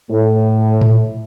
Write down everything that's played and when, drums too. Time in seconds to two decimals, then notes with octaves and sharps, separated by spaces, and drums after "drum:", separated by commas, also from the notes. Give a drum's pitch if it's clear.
0.11 A2
0.81 drum: tom A2